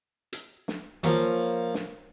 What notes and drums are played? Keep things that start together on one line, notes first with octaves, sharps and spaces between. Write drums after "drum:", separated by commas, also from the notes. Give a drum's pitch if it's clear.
drum: hi-hat
drum: snare
F3 A#3 C#4, drum: hi-hat
drum: snare